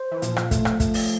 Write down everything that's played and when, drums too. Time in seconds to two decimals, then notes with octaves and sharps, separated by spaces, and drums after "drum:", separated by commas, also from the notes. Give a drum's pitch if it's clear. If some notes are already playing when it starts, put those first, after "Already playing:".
Already playing: C5
0.12 E3
0.22 A#2 F3, drum: hi-hat
0.36 drum: rim click
0.51 A3, drum: kick, hi-hat
0.65 drum: rim click
0.80 A3, drum: kick, hi-hat
0.94 drum: open hi-hat